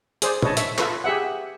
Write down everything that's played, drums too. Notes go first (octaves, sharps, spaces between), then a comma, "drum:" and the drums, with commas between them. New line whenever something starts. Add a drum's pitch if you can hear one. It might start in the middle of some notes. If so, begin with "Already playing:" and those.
G#4 C5 D5, drum: hi-hat
B4 C#5 D#5 A5, drum: tom
E5 C#6, drum: hi-hat
F4 A4 B4 C#6, drum: clap
G4 G#4 E5 F#5